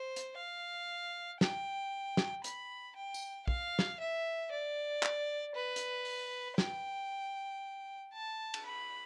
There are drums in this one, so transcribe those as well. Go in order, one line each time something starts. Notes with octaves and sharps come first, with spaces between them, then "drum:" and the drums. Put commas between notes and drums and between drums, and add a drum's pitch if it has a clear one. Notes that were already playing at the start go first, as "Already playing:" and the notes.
Already playing: C5
drum: hi-hat
F5
G5, drum: snare
drum: snare
B5, drum: hi-hat
G5
drum: tambourine
F5, drum: kick
drum: snare
E5
D5
drum: clap
B4
drum: hi-hat
drum: open hi-hat
G5, drum: snare
A5
drum: cymbal
B5